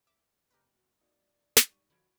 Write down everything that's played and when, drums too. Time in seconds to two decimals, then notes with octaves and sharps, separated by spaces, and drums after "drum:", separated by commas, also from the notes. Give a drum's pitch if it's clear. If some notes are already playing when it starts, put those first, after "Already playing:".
0.07 E5 D6
0.51 F#1 G4 A#4 B4
0.73 F#4
1.00 A#3 D#4 F#4 D5
1.57 drum: snare
1.70 G#2 G3 C#6 D#7
1.90 D3 F3 F#4 B5 G#6 D7